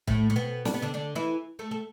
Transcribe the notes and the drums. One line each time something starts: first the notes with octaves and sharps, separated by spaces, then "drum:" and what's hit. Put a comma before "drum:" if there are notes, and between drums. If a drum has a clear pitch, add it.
A2 A3, drum: kick
A3
B2 B3
D4, drum: snare
B3
D3 D4
D3 D4
E3 E4
A3 A4
A4